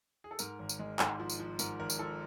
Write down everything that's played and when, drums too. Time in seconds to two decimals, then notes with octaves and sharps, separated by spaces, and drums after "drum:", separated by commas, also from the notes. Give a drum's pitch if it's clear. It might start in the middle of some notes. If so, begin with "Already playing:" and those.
0.24 G#4
0.31 A4
0.39 G#2 A#4, drum: tambourine
0.59 G#1
0.69 drum: tambourine
0.79 G#3
0.99 G#2, drum: clap
1.20 F3
1.30 drum: tambourine
1.40 F3
1.59 G#2 A#4, drum: tambourine
1.80 G#1 A#4
1.90 drum: tambourine
1.99 F3 A4